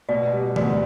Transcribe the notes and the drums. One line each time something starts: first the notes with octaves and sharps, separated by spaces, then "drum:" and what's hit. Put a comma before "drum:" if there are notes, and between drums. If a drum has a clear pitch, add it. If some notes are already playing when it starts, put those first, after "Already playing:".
B2 D5
G3
D2 D5, drum: tom